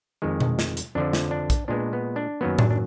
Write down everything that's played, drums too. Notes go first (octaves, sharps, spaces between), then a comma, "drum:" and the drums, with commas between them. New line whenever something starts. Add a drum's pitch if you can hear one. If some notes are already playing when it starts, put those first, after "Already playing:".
F2 D#3 G#3
drum: tom B2
drum: snare
drum: hi-hat
F2 D3 F3 D4
drum: snare
D4
drum: kick, hi-hat
A#2 G#3 B3 D4
B3
D4
F#2 D#3 F#3 A#3 B3
D4, drum: tom A2
D4